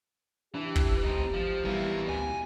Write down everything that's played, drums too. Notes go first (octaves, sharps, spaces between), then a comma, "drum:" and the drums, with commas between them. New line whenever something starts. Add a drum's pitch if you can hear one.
E3 D4 G4
drum: kick
D2 C4 D#4
G#1 F3
B2 E3 G3 A#3 E4
D2 G#5